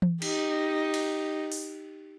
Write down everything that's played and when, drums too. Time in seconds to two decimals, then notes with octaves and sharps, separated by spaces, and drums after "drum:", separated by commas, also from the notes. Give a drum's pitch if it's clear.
0.02 drum: tom E3
0.22 D#4 G4, drum: cymbal
0.94 drum: cymbal
1.52 drum: open hi-hat